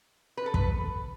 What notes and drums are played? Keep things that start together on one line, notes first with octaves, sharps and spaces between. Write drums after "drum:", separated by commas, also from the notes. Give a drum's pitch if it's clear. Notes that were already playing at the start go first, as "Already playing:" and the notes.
B4
A4
B4, drum: kick